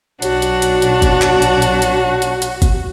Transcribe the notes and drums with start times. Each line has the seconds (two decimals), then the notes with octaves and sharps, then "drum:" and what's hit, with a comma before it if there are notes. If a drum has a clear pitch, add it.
0.22 B1 F#3 D4 F#4, drum: hi-hat
0.42 drum: hi-hat
0.62 drum: hi-hat
0.82 drum: hi-hat
1.02 drum: kick, hi-hat
1.22 drum: clap
1.42 drum: hi-hat
1.62 drum: hi-hat
1.82 drum: hi-hat
2.22 drum: hi-hat
2.42 drum: hi-hat
2.62 drum: kick, hi-hat